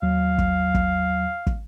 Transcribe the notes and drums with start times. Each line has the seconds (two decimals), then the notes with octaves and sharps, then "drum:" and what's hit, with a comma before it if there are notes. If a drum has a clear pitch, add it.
0.02 D#2 F#3 F5
0.38 drum: kick
0.74 drum: kick
1.47 drum: kick